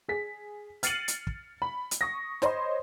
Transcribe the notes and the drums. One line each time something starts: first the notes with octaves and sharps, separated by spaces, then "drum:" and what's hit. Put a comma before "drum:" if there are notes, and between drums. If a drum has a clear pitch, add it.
G#4 B6
F6 A6 C7 C#7 D#7 F#7, drum: hi-hat
drum: hi-hat
drum: kick
B5
drum: hi-hat
C#6 D#6 A#6
C5 C#5 D#5 B5 C6, drum: snare